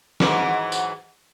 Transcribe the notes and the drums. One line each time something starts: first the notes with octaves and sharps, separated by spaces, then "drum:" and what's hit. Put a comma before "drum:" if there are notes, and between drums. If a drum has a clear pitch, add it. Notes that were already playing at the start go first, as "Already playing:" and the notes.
G#2 E3 F#3, drum: snare
drum: tambourine